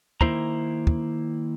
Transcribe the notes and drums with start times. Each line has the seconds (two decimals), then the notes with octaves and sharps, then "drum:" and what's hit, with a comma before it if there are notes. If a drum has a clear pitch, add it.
0.21 D#3 A#3 E4 C5 A#5, drum: kick
0.87 drum: kick